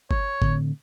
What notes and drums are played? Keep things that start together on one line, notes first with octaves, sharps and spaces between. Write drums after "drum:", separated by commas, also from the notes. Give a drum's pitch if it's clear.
C#5, drum: kick G1
A2 D3 C4, drum: kick G1